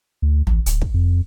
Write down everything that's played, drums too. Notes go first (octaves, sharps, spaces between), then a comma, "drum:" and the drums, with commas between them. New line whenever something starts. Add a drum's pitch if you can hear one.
D2
A1, drum: tom
D1, drum: hi-hat
drum: kick
F2